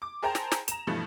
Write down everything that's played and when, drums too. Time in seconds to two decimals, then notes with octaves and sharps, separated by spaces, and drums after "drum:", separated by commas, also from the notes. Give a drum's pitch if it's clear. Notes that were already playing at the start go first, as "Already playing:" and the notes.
0.02 D6
0.22 G#4 A#4 C5 G5 A5 A#5
0.35 drum: snare
0.52 drum: snare
0.68 A#5 E7, drum: hi-hat
0.87 G2 B2 E3 F3 A3